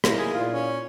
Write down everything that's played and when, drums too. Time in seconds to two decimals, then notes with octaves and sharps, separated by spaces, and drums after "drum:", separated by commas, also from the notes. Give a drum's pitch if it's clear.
0.04 A#3 D#4 E4, drum: rim click
0.18 G#4
0.34 A#2 F4
0.52 C#4